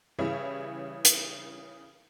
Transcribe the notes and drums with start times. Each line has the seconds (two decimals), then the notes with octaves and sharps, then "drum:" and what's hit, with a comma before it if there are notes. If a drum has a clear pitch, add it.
0.19 C#3 E3 G3 C#4 E4 G#4
1.05 drum: hi-hat